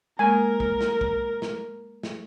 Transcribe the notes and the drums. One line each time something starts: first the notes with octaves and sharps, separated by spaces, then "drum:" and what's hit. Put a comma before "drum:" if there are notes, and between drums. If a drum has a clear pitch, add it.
G#3 A#3 A#4 G#5
drum: kick
drum: snare
drum: kick
drum: snare
drum: snare